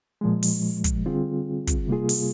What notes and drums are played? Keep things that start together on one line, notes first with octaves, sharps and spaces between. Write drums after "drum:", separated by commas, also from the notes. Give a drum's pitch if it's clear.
A#2 F3 G#3
drum: open hi-hat
drum: kick, hi-hat
D3 G3 C4 F4 G#4
drum: kick, hi-hat
C3 G3 A#3 F4 G#4
drum: open hi-hat